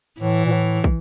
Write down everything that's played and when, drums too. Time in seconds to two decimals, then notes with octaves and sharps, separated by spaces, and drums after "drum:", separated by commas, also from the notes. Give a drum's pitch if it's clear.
0.20 A2 E3
0.46 A#2
0.52 A2
0.84 drum: kick